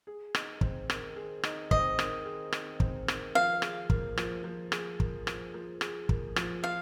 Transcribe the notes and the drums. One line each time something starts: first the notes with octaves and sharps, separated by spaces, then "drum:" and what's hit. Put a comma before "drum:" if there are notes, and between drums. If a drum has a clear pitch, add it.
G#4
D#4, drum: rim click
C4, drum: kick
D#3, drum: rim click
G#4
D#4, drum: rim click
C4 D#5, drum: kick
D#3, drum: rim click
G#4
D#4, drum: rim click
C4, drum: kick
D#3, drum: rim click
F3 F5
G#4, drum: rim click
A#3, drum: kick
F3, drum: rim click
F3
G#4, drum: rim click
A#3, drum: kick
F3, drum: rim click
F3
G#4, drum: rim click
A#3, drum: kick
F3, drum: rim click
F4 F5